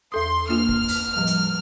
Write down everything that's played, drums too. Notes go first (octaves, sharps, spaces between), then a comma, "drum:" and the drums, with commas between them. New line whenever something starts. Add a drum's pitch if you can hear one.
E2 A4 C6 D#6
A#3 D4 F4 F6
drum: kick
drum: open hi-hat
A2 F3 G3
drum: hi-hat